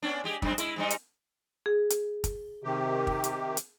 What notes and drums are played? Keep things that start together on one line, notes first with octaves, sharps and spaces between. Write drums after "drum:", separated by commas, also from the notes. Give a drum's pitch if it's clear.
B3 C#4 D4
G#3 G4 G#4
F#2 G#3 C4, drum: kick
G#3 E4, drum: hi-hat
G#2 G3 D#4
drum: hi-hat
G#4
drum: hi-hat
drum: kick, hi-hat
C3 D#3 G4
drum: kick
drum: hi-hat
drum: hi-hat